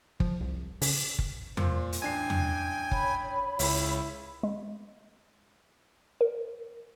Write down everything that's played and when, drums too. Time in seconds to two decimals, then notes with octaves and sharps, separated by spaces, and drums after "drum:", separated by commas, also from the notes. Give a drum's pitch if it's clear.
0.20 F3, drum: kick
0.41 C2
0.82 C#3, drum: open hi-hat
1.19 drum: kick
1.57 A#2 C5, drum: tom E2
1.92 drum: hi-hat
2.02 A1 D4 G5 G#5 C7
2.30 drum: tom E2
2.91 C#5 B5, drum: kick
3.59 C#2 E4, drum: open hi-hat
4.43 G#3
6.21 A#4